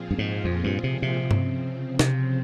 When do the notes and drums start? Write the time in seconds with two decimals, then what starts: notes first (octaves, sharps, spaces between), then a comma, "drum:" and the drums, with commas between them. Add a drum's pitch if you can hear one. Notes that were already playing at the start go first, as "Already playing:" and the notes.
Already playing: A#2 F3 C4 F4 G#4
0.11 G2
0.18 G#2
0.45 F2
0.64 G2
0.83 C3
1.02 C3
1.22 C#3 F3 C4
1.31 drum: tom G2
1.99 C3, drum: snare